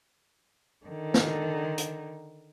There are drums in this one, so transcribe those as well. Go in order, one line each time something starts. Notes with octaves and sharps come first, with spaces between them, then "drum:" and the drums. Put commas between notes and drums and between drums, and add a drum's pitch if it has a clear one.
D3 D#3
drum: snare
drum: hi-hat